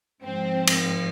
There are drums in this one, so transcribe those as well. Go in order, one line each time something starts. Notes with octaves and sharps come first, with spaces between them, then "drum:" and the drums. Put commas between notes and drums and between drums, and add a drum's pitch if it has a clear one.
G#2 F3 C4
drum: cymbal